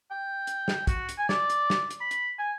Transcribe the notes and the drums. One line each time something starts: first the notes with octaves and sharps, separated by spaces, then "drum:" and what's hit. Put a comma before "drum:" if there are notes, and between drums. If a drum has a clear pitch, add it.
G5
drum: hi-hat
drum: snare
F#4, drum: kick, hi-hat
drum: hi-hat
G#5
D5, drum: snare
drum: hi-hat
drum: snare
drum: hi-hat
B5
drum: hi-hat
G#5